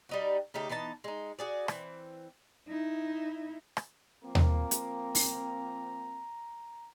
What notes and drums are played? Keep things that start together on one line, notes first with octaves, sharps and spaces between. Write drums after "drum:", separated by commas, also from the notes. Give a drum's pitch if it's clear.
G3 D#4 F#4
C#3 A3 D#4 G4
E3 B3 D#4 A5
G#3 D#4
F#4 G#4 D5
E3 C4, drum: rim click
D#4 E4
drum: rim click
F3 A#3 C4 A#5
drum: tom D#2
drum: hi-hat
drum: open hi-hat